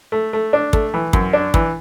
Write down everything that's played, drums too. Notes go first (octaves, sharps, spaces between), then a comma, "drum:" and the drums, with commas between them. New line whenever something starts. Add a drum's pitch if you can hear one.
A3
A3
D4
A3, drum: kick
E3
F#2, drum: kick
D4
E3, drum: kick